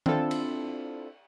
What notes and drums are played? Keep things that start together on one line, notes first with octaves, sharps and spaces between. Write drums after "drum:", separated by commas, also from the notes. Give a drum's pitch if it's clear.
C4 D4 E4 F4 A4, drum: tom D#3
drum: cymbal